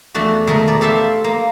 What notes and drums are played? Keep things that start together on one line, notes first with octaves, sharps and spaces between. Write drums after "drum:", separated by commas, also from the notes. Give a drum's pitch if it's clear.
E2 A3 D4 F#4
G#3 A3 A#4, drum: tom D#3
B2 D5
G4 A4 C5 E5 F5 G5
A#3